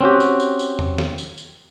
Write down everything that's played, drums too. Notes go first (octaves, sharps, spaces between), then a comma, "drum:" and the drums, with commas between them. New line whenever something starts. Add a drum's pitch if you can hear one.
C4 C#4 F#4 G4
drum: tambourine
drum: tambourine
drum: tambourine
drum: tom E2
drum: snare
drum: tambourine
drum: tambourine